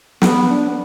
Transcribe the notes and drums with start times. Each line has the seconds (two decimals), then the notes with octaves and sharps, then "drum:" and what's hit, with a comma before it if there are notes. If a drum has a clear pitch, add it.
0.22 B3, drum: snare
0.49 D4
0.68 B3